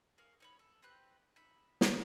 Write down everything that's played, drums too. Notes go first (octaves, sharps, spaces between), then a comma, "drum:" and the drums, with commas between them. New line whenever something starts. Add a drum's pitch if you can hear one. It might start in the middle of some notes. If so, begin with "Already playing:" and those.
G#4 A#4 C#5 F5
D#4 C#5 B5
A4
C4 G4 B4 F#6
D#4 E5 B5
drum: snare